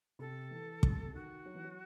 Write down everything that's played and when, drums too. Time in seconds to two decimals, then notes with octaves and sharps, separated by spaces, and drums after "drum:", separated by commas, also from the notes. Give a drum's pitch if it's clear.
0.19 C3 A4
0.51 E3
0.83 C3, drum: kick
1.14 D#3 F#4
1.45 F#3
1.55 E3
1.64 F#3